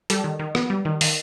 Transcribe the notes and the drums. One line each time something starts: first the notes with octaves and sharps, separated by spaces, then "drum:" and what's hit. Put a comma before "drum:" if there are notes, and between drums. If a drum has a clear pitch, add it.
G3 G4 A4, drum: hi-hat
D#3
D#3
B3, drum: rim click
G3
D#3
D#3, drum: open hi-hat